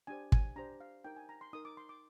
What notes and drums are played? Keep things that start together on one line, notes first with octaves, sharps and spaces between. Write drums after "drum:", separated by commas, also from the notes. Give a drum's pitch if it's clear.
D4 G4 C5 G#5
G#5, drum: kick
D4 G4 C5 A#5
F5
D#4 A#4 G5
G#5
A#5
C6
D#4 A#4 D#6
D6
C6
D6